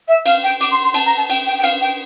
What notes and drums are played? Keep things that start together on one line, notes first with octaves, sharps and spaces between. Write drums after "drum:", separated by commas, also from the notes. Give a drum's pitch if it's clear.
E5
F5, drum: cymbal
G5
D6, drum: cymbal
C6
C6
A5, drum: cymbal
A#5
A5
G5, drum: cymbal
G5
G5
F5, drum: cymbal
G5